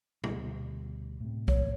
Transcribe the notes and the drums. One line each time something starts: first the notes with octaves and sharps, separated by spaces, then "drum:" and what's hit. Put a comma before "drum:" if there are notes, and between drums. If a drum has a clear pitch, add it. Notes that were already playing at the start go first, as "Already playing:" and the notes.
D2 B2 G3, drum: tom C3
A2 C3
C#5, drum: kick